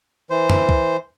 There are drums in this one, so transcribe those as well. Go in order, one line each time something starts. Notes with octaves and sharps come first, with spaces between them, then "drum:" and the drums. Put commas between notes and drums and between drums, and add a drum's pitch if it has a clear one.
E3 C5
drum: tom
drum: kick